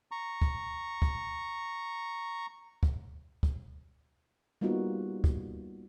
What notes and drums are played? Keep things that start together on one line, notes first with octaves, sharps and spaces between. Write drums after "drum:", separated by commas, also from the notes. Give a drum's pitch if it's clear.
A#5 C#6
drum: kick
drum: kick
drum: kick
drum: kick
G3 A#3 B3 D#4 F4 F#4
drum: kick